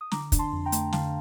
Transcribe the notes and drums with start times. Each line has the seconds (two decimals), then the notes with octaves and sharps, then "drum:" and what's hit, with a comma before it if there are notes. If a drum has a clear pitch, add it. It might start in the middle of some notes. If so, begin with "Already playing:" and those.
0.01 D#6
0.11 D3 A#5 D6, drum: snare
0.32 D4, drum: kick, hi-hat
0.39 A5 C6
0.52 F2
0.65 G5 A#5
0.72 A3, drum: hi-hat
0.93 D3 F5 A5, drum: snare